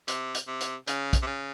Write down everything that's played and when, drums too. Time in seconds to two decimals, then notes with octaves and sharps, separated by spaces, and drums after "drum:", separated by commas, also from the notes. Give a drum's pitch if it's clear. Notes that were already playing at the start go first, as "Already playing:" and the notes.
0.08 C3, drum: hi-hat
0.35 drum: hi-hat
0.48 C3
0.61 drum: hi-hat
0.88 C#3, drum: hi-hat
1.13 drum: kick, hi-hat
1.22 C3
1.27 C#3